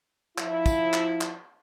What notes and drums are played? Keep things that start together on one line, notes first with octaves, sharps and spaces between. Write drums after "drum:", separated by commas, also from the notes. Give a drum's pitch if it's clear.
F3 E4, drum: clap
drum: kick, tambourine
drum: clap
drum: clap